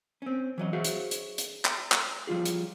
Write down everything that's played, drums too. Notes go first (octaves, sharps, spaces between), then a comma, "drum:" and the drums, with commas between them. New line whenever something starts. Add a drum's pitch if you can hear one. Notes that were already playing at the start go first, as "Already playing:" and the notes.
C4 C#4
E3 F#3 D#5
F#4 G#4 C5 C#5 E5 F5
drum: hi-hat
drum: hi-hat
drum: hi-hat
drum: clap
drum: clap
F3 G3 F4 G#4
drum: hi-hat